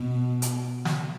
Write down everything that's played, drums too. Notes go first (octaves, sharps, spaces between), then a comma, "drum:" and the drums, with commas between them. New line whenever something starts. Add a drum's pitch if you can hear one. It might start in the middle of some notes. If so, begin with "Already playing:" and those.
Already playing: B2
drum: hi-hat
drum: snare